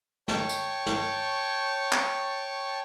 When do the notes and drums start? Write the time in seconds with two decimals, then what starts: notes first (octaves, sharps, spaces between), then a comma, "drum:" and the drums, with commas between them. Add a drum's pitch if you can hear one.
0.28 C#5 G5 A5 C#6, drum: snare
0.49 drum: tambourine
0.86 drum: snare
1.92 drum: clap